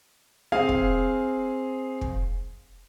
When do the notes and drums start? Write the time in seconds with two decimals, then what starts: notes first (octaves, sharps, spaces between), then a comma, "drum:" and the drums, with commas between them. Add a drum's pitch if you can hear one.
0.52 C4 G#4 F5 G#5
0.69 drum: kick
2.01 drum: kick